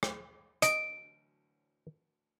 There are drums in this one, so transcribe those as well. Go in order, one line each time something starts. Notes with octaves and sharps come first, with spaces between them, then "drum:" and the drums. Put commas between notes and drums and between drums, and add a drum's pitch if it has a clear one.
drum: rim click
D#5 D7, drum: hi-hat